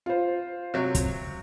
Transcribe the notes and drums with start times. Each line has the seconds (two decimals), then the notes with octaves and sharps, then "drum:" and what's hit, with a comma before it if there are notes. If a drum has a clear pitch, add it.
0.06 F4 C5
0.74 C3 F#3
0.95 drum: kick, hi-hat